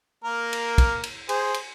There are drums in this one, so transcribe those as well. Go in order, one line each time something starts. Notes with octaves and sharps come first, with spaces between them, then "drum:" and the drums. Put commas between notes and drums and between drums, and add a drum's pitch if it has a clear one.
A#3 A#4
drum: cymbal
drum: kick, cymbal
drum: cymbal
G#4 C5, drum: cymbal
drum: cymbal